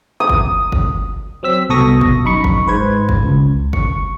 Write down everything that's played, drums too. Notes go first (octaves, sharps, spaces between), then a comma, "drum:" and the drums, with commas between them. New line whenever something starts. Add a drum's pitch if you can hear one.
D#6
drum: kick F#1
drum: kick F#1
F#3 C4 E6 B6
C2 B2 A4 C#6 D#6 A#6
drum: kick F#1
F#2 D#4 B5 C#6
drum: kick F#1
G#2 B4 C5 G#6
drum: kick F#1
C#2
C#6, drum: kick F#1